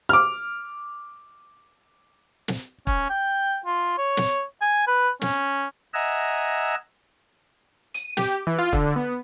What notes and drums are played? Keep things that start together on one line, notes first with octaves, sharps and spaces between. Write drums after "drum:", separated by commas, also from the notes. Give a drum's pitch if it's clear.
D6 F6
drum: snare
C#4, drum: kick
G5
F4
C#5
drum: snare
G#5
B4
C#4, drum: snare
D#5 E5 F#5 G#5 A#5 E6
D#7, drum: hi-hat
G4, drum: snare
E3
F4
D3, drum: kick
B3